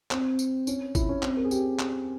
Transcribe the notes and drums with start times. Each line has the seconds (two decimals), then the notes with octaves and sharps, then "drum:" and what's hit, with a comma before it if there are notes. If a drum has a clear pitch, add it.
0.11 C4, drum: clap
0.39 drum: tambourine
0.67 C#4, drum: tambourine
0.95 E4, drum: kick G#1, tambourine
1.09 C#4
1.23 C4, drum: clap
1.37 A#4
1.44 G#4
1.51 G4, drum: tambourine
1.79 drum: clap